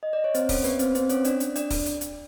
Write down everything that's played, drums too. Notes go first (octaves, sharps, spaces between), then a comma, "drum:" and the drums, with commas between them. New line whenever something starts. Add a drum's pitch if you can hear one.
D#5
D5
C#5
C4 C5, drum: hi-hat
C#4 C#5, drum: kick, open hi-hat
B3 B4, drum: hi-hat
C4 C5, drum: hi-hat
B4
C4 C5, drum: hi-hat
C#4 C#5, drum: hi-hat
D4 D5, drum: hi-hat
drum: hi-hat
D4 D5, drum: hi-hat
drum: kick, open hi-hat
drum: hi-hat
drum: hi-hat